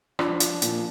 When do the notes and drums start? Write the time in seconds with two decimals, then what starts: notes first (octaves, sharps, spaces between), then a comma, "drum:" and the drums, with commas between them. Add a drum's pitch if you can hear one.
0.19 F3 D4, drum: rim click
0.40 F3, drum: hi-hat
0.62 A#2, drum: hi-hat